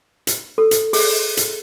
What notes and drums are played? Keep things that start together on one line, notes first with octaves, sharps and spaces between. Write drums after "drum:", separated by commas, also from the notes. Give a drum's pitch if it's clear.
drum: hi-hat
A4
drum: hi-hat
G#4, drum: open hi-hat
drum: hi-hat